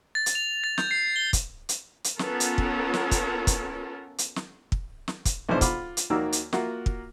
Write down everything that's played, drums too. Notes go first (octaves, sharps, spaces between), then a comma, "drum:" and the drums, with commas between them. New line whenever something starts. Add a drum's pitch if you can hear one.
A6
drum: hi-hat
F7
A6
G6, drum: snare
C7
G7
drum: kick, hi-hat
drum: hi-hat
drum: hi-hat
B3 C#4 F4 A4 A#4, drum: snare
drum: hi-hat
drum: kick
drum: snare
drum: kick, hi-hat
drum: kick, hi-hat
drum: hi-hat
drum: snare
drum: kick
drum: snare
drum: kick, hi-hat
B1 E3 D4 C5 E5
F4 F#5 B5 D6, drum: kick, hi-hat
drum: hi-hat
D#2 D#3 A#3 F#4 D5 E6
drum: hi-hat
A#3 F4 F#4 E5 F#5, drum: snare
drum: kick